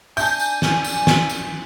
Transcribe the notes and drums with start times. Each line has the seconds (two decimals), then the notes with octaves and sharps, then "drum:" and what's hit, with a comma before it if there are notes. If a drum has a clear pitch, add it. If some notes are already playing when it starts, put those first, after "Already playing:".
0.17 D4 E5 G#5 A5 G6, drum: tambourine
0.39 drum: tambourine
0.62 drum: snare
0.84 drum: tambourine
1.07 drum: snare
1.29 drum: tambourine